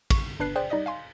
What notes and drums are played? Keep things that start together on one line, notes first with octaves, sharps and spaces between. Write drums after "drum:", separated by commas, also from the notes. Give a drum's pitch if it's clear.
C#6, drum: kick, cymbal
G1 D4 B4 F#6 C7
G#4 C5 D5 G5 F#6
G3 D#4 D5 D#5 D#6 A#6
F5 G#5 C6